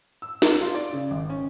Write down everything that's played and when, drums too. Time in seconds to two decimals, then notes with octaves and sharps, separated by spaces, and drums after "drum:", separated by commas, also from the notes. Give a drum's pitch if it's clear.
0.22 E6
0.42 drum: snare
0.61 F4
0.75 D5
0.93 C#3
1.11 G#1
1.30 C#4